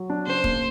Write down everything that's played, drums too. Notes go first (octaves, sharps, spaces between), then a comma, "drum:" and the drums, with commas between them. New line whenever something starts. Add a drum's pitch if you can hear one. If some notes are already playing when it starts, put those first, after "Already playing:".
Already playing: F#3
D4
C#3 C5
A#3, drum: kick